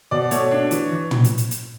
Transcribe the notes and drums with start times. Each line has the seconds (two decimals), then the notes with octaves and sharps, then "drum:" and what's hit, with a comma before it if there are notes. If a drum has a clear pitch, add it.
0.11 B2 D5
0.31 A3 C#5, drum: hi-hat
0.51 D4
0.71 E3, drum: hi-hat
0.92 E3
1.11 drum: tom
1.24 drum: hi-hat
1.38 drum: hi-hat
1.51 drum: hi-hat